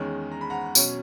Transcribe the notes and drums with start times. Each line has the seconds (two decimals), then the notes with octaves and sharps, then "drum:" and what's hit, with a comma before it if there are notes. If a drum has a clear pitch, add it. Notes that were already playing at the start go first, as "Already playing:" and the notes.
Already playing: E2 D#3 G#3 C#4
0.32 A#5
0.41 B5
0.50 F#5 A#5
0.75 B2 F#3 C#4, drum: tambourine